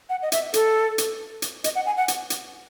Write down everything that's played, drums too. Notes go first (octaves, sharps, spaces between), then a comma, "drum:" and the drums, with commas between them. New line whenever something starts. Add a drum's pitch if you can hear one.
F#5
D#5
E5, drum: hi-hat
A4, drum: hi-hat
drum: hi-hat
drum: hi-hat
D#5, drum: hi-hat
F#5
G#5
F#5
drum: hi-hat
drum: hi-hat